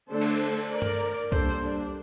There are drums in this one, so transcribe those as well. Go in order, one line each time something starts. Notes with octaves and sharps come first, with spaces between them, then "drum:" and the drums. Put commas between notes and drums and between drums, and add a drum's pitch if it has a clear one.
D3 A3 D4 A4 C5
drum: cymbal
A#4 D5
drum: tom G2
G3 A#3 D4 A4 C5, drum: kick
D4